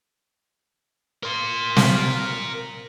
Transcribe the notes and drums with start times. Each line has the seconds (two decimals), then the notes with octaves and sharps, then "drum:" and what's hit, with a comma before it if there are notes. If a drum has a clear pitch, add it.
1.23 A#4 C6
1.76 drum: snare